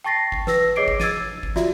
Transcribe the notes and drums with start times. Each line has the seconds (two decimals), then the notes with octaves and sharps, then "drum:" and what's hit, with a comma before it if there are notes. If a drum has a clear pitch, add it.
0.04 G5 A5 C#6 A6 A#6 C7
0.32 drum: kick G#1
0.47 B4 E6 A#6, drum: snare
0.76 G#4 C#5 D#5 D6 C7 D7
0.88 drum: kick G#1
1.00 E6 G#6 A6 D#7, drum: snare
1.43 drum: kick G#1
1.56 F4 F#4 D5 E5, drum: snare